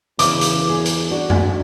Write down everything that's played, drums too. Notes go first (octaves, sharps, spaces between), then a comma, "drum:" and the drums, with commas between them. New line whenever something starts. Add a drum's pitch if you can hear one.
E2 C#3 D6, drum: hi-hat
drum: hi-hat
G#4
drum: hi-hat
D4 F#4
drum: tom F#2